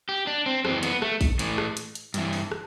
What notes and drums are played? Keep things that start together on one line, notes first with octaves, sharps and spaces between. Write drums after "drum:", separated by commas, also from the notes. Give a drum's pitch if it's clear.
G4
D4
C4
F#2 E3 C4, drum: rim click
B3, drum: hi-hat
A3, drum: rim click
drum: kick A1, open hi-hat
A2 E3, drum: hi-hat
drum: rim click
drum: hi-hat
drum: hi-hat
G2 E3, drum: hi-hat
drum: open hi-hat
drum: rim click